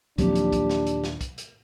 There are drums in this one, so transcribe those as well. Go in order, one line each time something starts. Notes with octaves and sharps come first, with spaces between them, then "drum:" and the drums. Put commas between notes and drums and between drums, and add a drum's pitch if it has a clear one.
D#2 A#2 F3 F#3 C4 D4 G4, drum: kick, hi-hat
drum: hi-hat
drum: kick, hi-hat
drum: snare
drum: hi-hat
drum: snare
drum: kick, hi-hat
drum: hi-hat